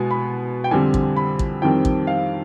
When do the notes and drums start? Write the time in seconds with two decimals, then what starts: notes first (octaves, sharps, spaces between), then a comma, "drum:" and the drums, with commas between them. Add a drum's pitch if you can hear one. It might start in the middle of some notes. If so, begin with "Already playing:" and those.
Already playing: B2 G#3 B3 G#5
0.11 B5
0.64 G5
0.71 F2 D3 G3 C4 G#5
0.94 drum: kick
1.16 B5
1.39 drum: kick
1.62 F2 D#3 G3 C4 G5
1.85 drum: kick
2.07 F5